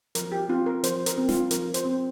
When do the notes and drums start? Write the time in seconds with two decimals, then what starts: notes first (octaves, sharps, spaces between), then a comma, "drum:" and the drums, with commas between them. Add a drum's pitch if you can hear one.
0.15 F3 A#4, drum: hi-hat
0.32 G4
0.49 C4 F4
0.66 A#4
0.84 F3 C5, drum: hi-hat
1.06 A#4, drum: hi-hat
1.17 C4
1.29 F4, drum: snare
1.51 F3 A#4, drum: hi-hat
1.74 C5, drum: hi-hat
1.85 C4